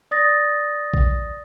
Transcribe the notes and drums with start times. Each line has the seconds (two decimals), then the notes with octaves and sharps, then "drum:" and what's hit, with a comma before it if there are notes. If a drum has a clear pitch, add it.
0.11 D5 D#6 A6 A#6
0.94 drum: kick A#1